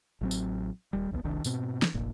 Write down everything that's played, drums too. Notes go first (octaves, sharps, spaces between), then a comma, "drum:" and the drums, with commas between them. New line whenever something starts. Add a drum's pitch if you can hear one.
A1 F#3 C4
drum: tambourine
D#1 G3
A#1 D#2 D3 B3
F1 C2 D#3 D4
G#2 B2 C4, drum: tambourine
drum: snare
F1 A#1 A#2